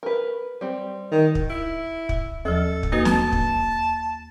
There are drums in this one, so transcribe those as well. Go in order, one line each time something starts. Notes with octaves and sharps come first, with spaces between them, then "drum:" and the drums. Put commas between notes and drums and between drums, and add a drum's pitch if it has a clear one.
A#4 B4
G3 C4
D#3
drum: kick
E4
drum: kick
D#2 F3 A4
drum: kick
A#3 D#4 F#4 B4
A5, drum: snare
drum: kick